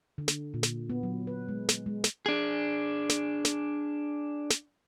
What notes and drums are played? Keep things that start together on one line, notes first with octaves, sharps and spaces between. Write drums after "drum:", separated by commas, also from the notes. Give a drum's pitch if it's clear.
D3
drum: snare
A#2
drum: snare
B3
F#3
B4
G#3
drum: snare
G#3
drum: snare
D4 G#4
drum: snare
drum: snare
drum: snare